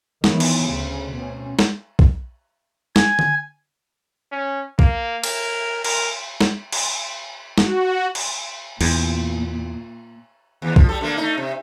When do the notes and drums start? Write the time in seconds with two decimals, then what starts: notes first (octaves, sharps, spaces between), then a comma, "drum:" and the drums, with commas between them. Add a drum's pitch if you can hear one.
0.24 D#3 E3 F#3 B3, drum: snare
0.40 drum: cymbal
0.66 D2 C#3
1.16 B2 C4 C#4
1.59 drum: snare
1.99 drum: kick
2.96 G#5, drum: snare
3.19 drum: tom D3
4.32 C#4
4.79 A#3, drum: kick
5.24 A#4, drum: cymbal
5.84 A#4, drum: cymbal
6.41 drum: snare
6.72 drum: cymbal
7.58 F#4, drum: snare
8.15 drum: cymbal
8.81 E2 A#2, drum: cymbal
10.62 D#2
10.76 F3, drum: kick
10.89 G3 A4
11.01 D3 A3 A#3
11.17 A3 D#4
11.37 C3